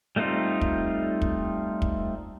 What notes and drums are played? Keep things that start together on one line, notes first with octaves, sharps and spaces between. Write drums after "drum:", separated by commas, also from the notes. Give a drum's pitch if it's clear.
G3 A3 C4 D#4 F4
drum: kick
drum: kick
drum: kick